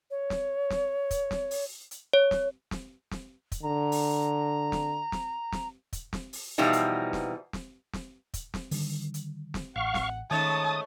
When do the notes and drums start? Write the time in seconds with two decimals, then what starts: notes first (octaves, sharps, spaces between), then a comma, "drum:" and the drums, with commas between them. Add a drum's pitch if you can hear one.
0.10 C#5
0.30 drum: snare
0.70 drum: snare
1.11 drum: kick, hi-hat
1.31 drum: snare
1.51 drum: open hi-hat
1.91 drum: hi-hat
2.13 C#5
2.31 drum: snare
2.71 drum: snare
3.11 drum: snare
3.52 drum: kick, hi-hat
3.63 D3 A#5
3.92 drum: open hi-hat
4.72 drum: snare
5.12 drum: snare
5.52 drum: snare
5.93 drum: kick, hi-hat
6.13 drum: snare
6.33 drum: open hi-hat
6.58 B2 E3 F3 G3 D#4
6.73 drum: hi-hat
7.13 drum: snare
7.53 drum: snare
7.93 drum: snare
8.34 drum: kick, hi-hat
8.54 drum: snare
8.71 D3 D#3 G3, drum: open hi-hat
9.14 drum: hi-hat
9.54 drum: snare
9.76 A1 F5 F#5 C#6
9.94 drum: snare
10.31 G#2 D#3 A3 C#4 C#5 A5 D#6